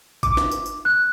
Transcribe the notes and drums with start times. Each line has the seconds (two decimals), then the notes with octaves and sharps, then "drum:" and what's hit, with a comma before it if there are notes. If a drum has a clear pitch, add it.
0.23 D6, drum: kick, tambourine
0.37 drum: snare
0.51 drum: tambourine
0.66 drum: tambourine
0.85 F#6